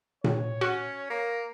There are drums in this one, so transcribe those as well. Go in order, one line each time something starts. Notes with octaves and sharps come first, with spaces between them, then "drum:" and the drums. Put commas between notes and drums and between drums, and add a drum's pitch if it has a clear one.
C#5, drum: tom A#2
C#4 F#4
A#3